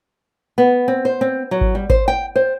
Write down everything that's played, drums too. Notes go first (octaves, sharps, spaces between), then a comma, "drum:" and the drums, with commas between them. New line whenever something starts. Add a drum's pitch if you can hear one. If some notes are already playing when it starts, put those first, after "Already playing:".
B3
C4
C5
C4
F#3
drum: kick G#1
G3
C5, drum: kick G#1
G5
C5